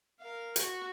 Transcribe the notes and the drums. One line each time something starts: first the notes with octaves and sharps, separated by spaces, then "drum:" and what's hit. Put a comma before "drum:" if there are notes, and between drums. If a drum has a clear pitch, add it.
A#4 F5
F#4 C#6, drum: hi-hat